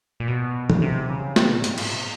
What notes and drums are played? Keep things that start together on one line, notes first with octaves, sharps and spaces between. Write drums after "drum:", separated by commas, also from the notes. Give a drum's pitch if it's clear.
A#2
B2
drum: tom
C3
C#3
C3, drum: snare
A#2
G#2, drum: hi-hat
A2, drum: cymbal
C3